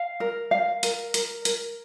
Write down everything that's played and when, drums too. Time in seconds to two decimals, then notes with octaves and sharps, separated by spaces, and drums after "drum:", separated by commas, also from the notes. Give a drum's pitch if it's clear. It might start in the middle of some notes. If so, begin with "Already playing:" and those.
Already playing: F5
0.20 A#4
0.51 F5
0.83 A#4, drum: hi-hat
1.14 A#4, drum: hi-hat
1.45 A#4, drum: hi-hat